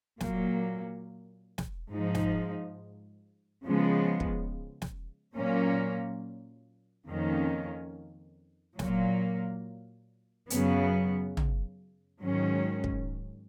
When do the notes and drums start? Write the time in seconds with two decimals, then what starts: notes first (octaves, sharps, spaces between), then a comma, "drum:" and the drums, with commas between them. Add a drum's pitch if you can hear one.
0.21 A#2 F#3 A#3, drum: snare
1.58 drum: snare
1.92 G#2 F3 G#3 D#4
2.15 drum: snare
3.64 C#3 F3 G#3 B3
4.20 drum: kick
4.82 drum: snare
5.36 A#2 F#3 A#3 C#4
7.07 F2 D#3 A#3 C#4
8.79 A#2 F#3 A#3, drum: snare
10.50 F#2 C#3 F#3 B3, drum: hi-hat
11.37 drum: tom
12.22 G#2 D#3 F#3 C#4
12.84 drum: kick